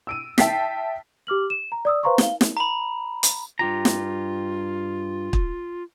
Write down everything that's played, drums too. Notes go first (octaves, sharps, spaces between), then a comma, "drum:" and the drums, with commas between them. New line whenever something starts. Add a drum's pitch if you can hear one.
E6 D7 D#7
E5 G5 A5 A6 B6 C7, drum: snare
G4 D6 F6 F#7
E7
A#5
D5 D#6 E6
B4 C5 F5 A#5 C6 C#6
F5 G7, drum: snare
drum: snare
A#5 B5
drum: hi-hat
G2 F4 G4 A#5
drum: snare
drum: kick